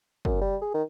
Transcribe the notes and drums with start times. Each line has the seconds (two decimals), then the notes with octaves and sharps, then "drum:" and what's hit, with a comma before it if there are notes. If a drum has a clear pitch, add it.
0.25 F#2, drum: kick
0.41 G3
0.62 G#4
0.74 D#3